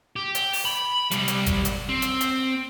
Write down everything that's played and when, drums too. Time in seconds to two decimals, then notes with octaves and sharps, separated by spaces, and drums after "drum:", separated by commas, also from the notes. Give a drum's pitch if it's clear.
0.16 G4
0.35 drum: hi-hat
0.53 drum: open hi-hat
0.65 B5
1.11 C3 G3, drum: hi-hat
1.28 drum: hi-hat
1.46 drum: kick G1, hi-hat
1.65 drum: hi-hat
1.89 C4
2.02 drum: hi-hat
2.21 drum: hi-hat